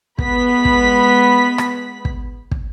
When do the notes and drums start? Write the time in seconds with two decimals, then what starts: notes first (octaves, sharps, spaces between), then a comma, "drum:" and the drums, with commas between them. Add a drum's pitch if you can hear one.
0.18 G#3 B3 B5 B6, drum: kick
0.65 drum: kick
1.58 drum: rim click
2.05 drum: kick
2.51 drum: kick